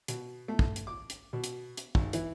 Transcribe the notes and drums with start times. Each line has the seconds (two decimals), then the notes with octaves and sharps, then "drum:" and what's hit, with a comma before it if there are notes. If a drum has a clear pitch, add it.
0.08 B2, drum: hi-hat
0.48 A3
0.59 drum: kick
0.76 drum: hi-hat
0.87 D6
1.10 drum: hi-hat
1.33 B2
1.44 drum: hi-hat
1.77 drum: hi-hat
1.95 G#1, drum: kick
2.13 E3, drum: hi-hat